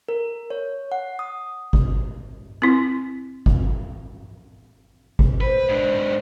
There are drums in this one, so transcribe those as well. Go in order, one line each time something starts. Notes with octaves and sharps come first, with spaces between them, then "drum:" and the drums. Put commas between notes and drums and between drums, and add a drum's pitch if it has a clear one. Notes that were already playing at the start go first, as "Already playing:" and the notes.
A#4
C#5
F#5
D#6
drum: kick G1
C4 E4
drum: kick G1
drum: kick G1
B4 C5
G#2 D4